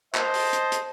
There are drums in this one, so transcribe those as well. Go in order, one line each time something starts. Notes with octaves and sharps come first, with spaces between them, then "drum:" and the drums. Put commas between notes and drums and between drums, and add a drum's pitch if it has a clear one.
C5 D#5 A5, drum: clap
drum: open hi-hat
drum: hi-hat
drum: hi-hat